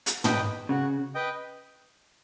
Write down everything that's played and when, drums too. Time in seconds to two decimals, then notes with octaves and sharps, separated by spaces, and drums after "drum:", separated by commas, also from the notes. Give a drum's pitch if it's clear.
0.06 drum: hi-hat
0.24 B4 D#5 G5, drum: tom
0.69 C#3 F#4
1.15 B4 D#5 G5